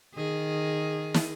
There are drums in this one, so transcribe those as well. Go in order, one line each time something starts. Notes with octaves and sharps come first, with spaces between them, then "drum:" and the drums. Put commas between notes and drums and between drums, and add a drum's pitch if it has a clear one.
D#3 G#4
drum: snare